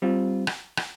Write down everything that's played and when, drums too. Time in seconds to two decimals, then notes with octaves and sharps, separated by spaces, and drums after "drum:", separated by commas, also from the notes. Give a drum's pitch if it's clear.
0.02 G3 C4 F4
0.47 drum: rim click
0.77 drum: rim click